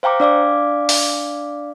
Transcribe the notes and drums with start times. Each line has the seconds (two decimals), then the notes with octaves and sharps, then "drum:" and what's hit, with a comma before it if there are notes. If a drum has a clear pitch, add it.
0.03 C5 F5 G5 A#5 D6
0.20 D4 D5 F5 D6
0.89 drum: open hi-hat